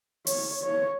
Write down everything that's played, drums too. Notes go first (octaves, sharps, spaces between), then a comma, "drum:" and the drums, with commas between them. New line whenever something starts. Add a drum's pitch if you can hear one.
C#5, drum: open hi-hat
C#5